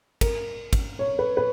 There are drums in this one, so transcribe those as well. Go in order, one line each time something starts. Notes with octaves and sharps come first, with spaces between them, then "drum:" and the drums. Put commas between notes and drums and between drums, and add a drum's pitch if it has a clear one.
A#4, drum: kick, cymbal
drum: kick, cymbal
C#5
B4
B4